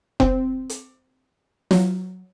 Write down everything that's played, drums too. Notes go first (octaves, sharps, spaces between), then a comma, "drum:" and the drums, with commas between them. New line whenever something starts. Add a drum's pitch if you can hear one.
C4, drum: kick F1
drum: hi-hat
F#3, drum: snare